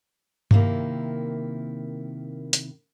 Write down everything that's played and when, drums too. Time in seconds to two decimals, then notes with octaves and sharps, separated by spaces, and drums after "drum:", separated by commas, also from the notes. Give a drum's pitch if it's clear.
0.51 C3 D#3 A#3 E4, drum: tom G2
2.53 drum: hi-hat